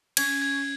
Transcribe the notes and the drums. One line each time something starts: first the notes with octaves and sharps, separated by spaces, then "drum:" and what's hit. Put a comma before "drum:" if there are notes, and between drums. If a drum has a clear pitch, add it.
C#4 G#6, drum: cymbal
G#6